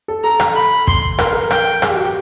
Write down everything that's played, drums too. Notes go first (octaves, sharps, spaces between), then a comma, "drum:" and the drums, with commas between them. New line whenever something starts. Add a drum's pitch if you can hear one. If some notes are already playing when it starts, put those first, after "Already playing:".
A4
A4 A#5
A4, drum: rim click
B5
C6, drum: kick
A#4, drum: rim click
B4
A#4
G5, drum: rim click
G#4, drum: rim click
G4
F#4
G4